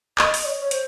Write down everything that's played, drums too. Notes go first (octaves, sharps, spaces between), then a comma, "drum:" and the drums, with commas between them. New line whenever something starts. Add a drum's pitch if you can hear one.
D#5, drum: clap
drum: open hi-hat
C#5
C#5
C5, drum: hi-hat